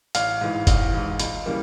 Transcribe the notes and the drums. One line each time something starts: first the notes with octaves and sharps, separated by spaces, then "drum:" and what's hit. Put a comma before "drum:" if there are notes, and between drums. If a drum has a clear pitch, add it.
A1 F5, drum: hi-hat
G#2 E3
A1, drum: kick G1, hi-hat
G#2 E3
C#2, drum: hi-hat
C#3 E3 G3 A#3